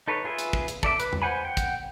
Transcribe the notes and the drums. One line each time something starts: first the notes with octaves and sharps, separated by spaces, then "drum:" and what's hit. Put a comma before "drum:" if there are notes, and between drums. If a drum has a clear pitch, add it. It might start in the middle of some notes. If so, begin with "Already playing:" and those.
D#4 A4 B4 C#5
F4 G#4 B4 E5
drum: hi-hat
drum: kick
drum: hi-hat
A4 D5 E5 D6, drum: kick
B4, drum: hi-hat
drum: tom E2
C5 F#5 G#5 B5
F#5 G5
drum: kick, hi-hat